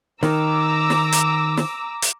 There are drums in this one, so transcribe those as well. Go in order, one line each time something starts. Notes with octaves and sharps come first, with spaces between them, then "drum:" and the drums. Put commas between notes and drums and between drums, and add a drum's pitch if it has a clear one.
D#3 A#5 D6 E6, drum: snare
drum: snare
drum: hi-hat
drum: snare
drum: hi-hat